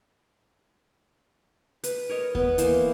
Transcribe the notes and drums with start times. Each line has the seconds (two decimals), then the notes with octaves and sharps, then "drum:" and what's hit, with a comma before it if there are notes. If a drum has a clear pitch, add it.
1.84 B4, drum: hi-hat
2.09 A#4 C#5 D#5
2.35 B3, drum: kick D#2
2.58 E3 A#3 C5, drum: hi-hat